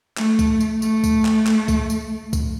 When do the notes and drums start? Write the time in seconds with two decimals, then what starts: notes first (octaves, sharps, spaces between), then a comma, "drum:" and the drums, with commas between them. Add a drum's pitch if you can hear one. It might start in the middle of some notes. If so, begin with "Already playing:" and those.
0.17 A3, drum: clap
0.39 drum: kick, tambourine
0.61 drum: tambourine
0.82 A3, drum: tambourine
1.04 drum: kick, tambourine
1.25 drum: clap
1.47 drum: clap
1.68 drum: kick, tambourine
1.90 drum: tambourine
2.33 drum: kick, tambourine